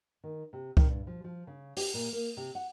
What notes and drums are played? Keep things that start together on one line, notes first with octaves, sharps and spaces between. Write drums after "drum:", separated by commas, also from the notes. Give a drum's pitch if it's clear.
D#3
C3
D#3, drum: kick C2
G2
F3
F3
C#3
G4, drum: open hi-hat
A#2
A#3
C3
F#5